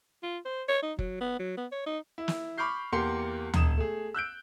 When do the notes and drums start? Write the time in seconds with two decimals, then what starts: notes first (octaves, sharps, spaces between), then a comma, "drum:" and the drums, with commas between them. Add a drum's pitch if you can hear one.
0.23 F4
0.45 C5
0.69 C#5
0.83 D#4
0.99 F#3, drum: kick F#1
1.21 B3
1.40 F#3
1.57 B3
1.72 C#5
1.86 D#4
2.18 E4
2.28 drum: snare
2.58 B5 C#6 D6 F6 G6 C7
2.92 E2 A#3 G4 C6 C#7
3.53 E1 D#6 E7, drum: tom D2
3.77 A3 G#4
4.14 E6 F#6 G6 D7